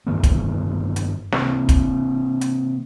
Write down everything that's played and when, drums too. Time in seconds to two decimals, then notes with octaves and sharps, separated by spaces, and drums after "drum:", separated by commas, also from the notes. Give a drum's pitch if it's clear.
0.07 G2 D#3 E3 B3
0.23 drum: kick, hi-hat
0.96 drum: hi-hat
1.32 C3 E3 A#3 C4, drum: snare
1.69 drum: kick, hi-hat
2.41 drum: hi-hat